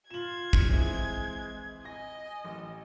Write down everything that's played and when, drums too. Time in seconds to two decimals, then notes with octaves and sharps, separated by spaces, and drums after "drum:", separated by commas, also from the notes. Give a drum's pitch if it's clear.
0.10 F4 G#6 E7 F#7
0.53 drum: kick
0.69 E3 G#3 C4 E4
1.85 D#5 G#5 A#6
2.45 A1